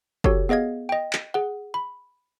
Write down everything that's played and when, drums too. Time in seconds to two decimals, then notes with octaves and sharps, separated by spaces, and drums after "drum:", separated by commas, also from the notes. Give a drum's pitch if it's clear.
0.24 F#4 G4 A4 C#5, drum: kick
0.49 B3 G#4 D#5 F5 G#6
0.89 D#5 G5
1.13 drum: clap
1.34 G#4 F#5
1.74 B5